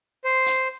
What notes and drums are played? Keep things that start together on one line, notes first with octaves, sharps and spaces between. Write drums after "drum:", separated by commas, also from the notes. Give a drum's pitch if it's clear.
C5
drum: hi-hat